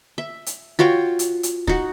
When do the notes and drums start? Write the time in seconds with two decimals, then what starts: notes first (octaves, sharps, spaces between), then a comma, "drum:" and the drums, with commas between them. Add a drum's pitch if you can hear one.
0.18 E5
0.46 drum: hi-hat
0.79 F4 F#4 C#5 G5
1.19 drum: hi-hat
1.43 drum: hi-hat
1.67 D#4 F#4, drum: kick